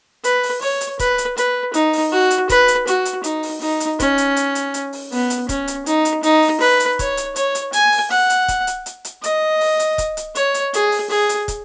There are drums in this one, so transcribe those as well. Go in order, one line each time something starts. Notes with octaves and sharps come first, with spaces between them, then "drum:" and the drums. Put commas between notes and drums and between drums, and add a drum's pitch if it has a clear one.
B4, drum: hi-hat
drum: open hi-hat
C#5, drum: open hi-hat
drum: hi-hat
B4, drum: kick, hi-hat
drum: hi-hat
B4, drum: hi-hat
D#4, drum: hi-hat
drum: open hi-hat
F#4
drum: hi-hat
B4, drum: kick, hi-hat
drum: hi-hat
F#4, drum: hi-hat
drum: hi-hat
D#4, drum: hi-hat
drum: open hi-hat
D#4, drum: open hi-hat
drum: hi-hat
C#4, drum: kick, hi-hat
drum: hi-hat
drum: hi-hat
drum: hi-hat
drum: hi-hat
drum: open hi-hat
B3, drum: open hi-hat
drum: hi-hat
C#4, drum: kick, hi-hat
drum: hi-hat
D#4, drum: hi-hat
drum: hi-hat
D#4, drum: hi-hat
drum: open hi-hat
B4, drum: open hi-hat
drum: hi-hat
C#5, drum: kick, hi-hat
drum: hi-hat
C#5, drum: hi-hat
drum: hi-hat
G#5, drum: hi-hat
drum: open hi-hat
F#5, drum: open hi-hat
drum: hi-hat
drum: kick, hi-hat
drum: hi-hat
drum: hi-hat
drum: hi-hat
D#5, drum: hi-hat
drum: open hi-hat
drum: hi-hat
drum: kick, hi-hat
drum: hi-hat
C#5, drum: hi-hat
drum: hi-hat
G#4, drum: hi-hat
drum: open hi-hat
G#4, drum: open hi-hat
drum: hi-hat
drum: kick, hi-hat